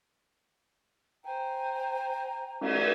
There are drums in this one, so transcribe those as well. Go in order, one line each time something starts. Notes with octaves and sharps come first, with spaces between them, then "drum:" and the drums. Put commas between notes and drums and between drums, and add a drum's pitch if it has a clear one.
C5 G5 G#5 A#5
drum: cymbal